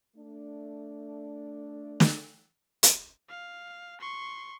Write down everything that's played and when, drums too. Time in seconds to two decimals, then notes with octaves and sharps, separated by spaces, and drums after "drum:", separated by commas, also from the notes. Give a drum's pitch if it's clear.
0.17 A3 D4
2.00 drum: snare
2.83 drum: hi-hat
3.29 F5
4.01 C6 C#6